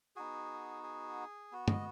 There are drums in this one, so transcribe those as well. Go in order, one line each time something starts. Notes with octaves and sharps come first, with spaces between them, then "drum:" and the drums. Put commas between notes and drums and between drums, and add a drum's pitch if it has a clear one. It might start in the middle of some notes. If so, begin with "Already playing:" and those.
B3 D#4 F#4 G#4
G#4
B3 F#4
D#5, drum: tom